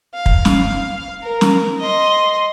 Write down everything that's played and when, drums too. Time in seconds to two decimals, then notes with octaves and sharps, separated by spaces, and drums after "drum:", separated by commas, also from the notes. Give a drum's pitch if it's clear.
0.14 F5
0.26 drum: kick
0.45 drum: snare
1.22 A#4
1.41 drum: snare
1.80 D#5 C6